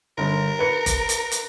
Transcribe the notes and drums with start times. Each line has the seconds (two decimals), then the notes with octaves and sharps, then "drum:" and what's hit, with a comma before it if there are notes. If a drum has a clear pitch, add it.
0.18 G1 A#4
0.59 B4 C#7
0.86 drum: kick F#1, hi-hat
1.09 drum: hi-hat
1.32 drum: hi-hat